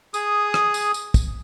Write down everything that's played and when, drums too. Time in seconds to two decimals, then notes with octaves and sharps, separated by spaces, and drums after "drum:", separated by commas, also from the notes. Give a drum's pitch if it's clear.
0.14 G#4 D#6, drum: tambourine
0.54 drum: rim click
0.74 drum: tambourine
0.94 drum: tambourine
1.14 drum: kick, tambourine